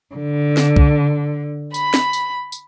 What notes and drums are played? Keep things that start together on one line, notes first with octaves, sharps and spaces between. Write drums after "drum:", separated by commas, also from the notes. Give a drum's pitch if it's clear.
D3
drum: snare
drum: kick
B5, drum: tambourine
drum: snare
drum: tambourine
drum: tambourine